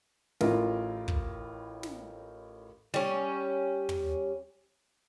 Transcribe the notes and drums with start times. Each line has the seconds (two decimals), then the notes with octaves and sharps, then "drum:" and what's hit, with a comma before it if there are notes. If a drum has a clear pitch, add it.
0.41 A1 A2 E4 F4 A#4, drum: snare
1.08 drum: kick
1.83 drum: snare
2.94 G3 C#4, drum: snare
3.89 drum: tom